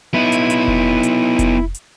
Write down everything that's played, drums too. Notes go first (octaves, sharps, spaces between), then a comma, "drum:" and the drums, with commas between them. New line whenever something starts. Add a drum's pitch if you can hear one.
B3 D#4 E4
drum: hi-hat
drum: hi-hat
drum: kick F1
drum: hi-hat
drum: kick F1, hi-hat
drum: hi-hat